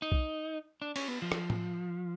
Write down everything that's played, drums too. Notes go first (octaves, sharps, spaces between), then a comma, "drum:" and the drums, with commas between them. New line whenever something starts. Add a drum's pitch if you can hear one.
D#4
drum: kick B1
D4
C#4, drum: cymbal
B3
F3
drum: rim click
drum: tom A2